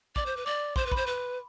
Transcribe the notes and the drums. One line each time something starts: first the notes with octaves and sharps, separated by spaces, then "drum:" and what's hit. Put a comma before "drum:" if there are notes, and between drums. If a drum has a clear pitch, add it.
D5 D6, drum: kick
C5
B4
D5 D6
C5 C6, drum: kick
B4
C5 B5, drum: kick
B4